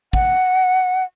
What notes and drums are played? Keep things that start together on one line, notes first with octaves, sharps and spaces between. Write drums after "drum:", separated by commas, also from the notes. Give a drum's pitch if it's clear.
F#5, drum: kick